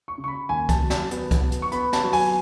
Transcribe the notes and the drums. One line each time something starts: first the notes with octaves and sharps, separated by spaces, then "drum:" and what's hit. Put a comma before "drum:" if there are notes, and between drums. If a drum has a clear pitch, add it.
C#6
C#3
C#6
B5
D#2 G#5
A5, drum: kick, hi-hat
F#3
A5, drum: snare
B3, drum: hi-hat
drum: kick, hi-hat
B3
drum: hi-hat
C#6
B3 B5, drum: hi-hat
A5, drum: snare
F#3
G#5, drum: open hi-hat